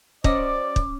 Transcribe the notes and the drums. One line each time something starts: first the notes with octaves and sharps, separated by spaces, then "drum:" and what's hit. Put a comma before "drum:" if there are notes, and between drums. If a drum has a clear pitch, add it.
F#3 C#4 C5 D5 D#5 D6, drum: kick
drum: kick